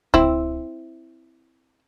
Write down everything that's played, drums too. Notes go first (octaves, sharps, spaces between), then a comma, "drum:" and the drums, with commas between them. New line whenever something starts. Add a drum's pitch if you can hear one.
C4 E4, drum: kick C#2